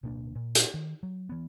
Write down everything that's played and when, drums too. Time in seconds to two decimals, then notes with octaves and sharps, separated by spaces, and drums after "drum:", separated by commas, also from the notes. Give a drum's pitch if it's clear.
0.03 D1 B2 A#3 D4
0.35 A#2
0.55 drum: hi-hat
0.74 D#3
1.03 F#3
1.29 E3 B3